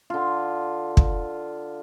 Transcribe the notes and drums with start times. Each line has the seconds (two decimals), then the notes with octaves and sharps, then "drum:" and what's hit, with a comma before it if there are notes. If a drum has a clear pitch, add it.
0.10 D3 F4
0.97 drum: kick